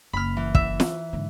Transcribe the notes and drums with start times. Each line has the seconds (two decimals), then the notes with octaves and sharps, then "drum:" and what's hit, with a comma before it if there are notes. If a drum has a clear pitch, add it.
0.13 F#1 B5 F6
0.37 E3
0.55 E5, drum: kick
0.80 drum: snare
1.13 G#2 D3